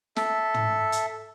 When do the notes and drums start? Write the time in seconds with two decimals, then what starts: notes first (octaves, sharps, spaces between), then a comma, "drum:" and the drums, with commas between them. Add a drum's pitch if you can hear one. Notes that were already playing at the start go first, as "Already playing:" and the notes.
0.16 A4 E5, drum: snare
0.54 drum: tom
0.92 drum: hi-hat